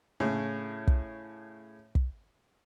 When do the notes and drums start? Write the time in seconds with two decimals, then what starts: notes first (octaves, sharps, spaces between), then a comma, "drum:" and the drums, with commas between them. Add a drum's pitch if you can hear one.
0.20 A2 C#3
0.87 drum: kick
1.95 drum: kick